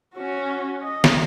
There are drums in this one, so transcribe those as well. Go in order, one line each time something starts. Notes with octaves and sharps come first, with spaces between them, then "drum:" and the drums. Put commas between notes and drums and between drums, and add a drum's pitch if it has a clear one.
C#4 F#4
D#5
drum: snare